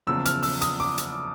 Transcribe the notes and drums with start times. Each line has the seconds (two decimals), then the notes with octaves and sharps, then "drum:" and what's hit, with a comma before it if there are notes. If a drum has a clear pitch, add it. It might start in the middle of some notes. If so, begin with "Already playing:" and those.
0.07 F#1 E2 C#3 F3 E6
0.25 F6, drum: hi-hat
0.43 E6, drum: open hi-hat
0.61 D#6, drum: hi-hat
0.80 D6
0.98 drum: hi-hat